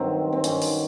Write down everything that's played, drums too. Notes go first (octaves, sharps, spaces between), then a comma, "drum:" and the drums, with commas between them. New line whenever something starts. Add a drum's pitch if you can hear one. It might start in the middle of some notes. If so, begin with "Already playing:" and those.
Already playing: G2 D#3 F#3 C4
C4
G2 D#3 F#3 C#4, drum: hi-hat
drum: open hi-hat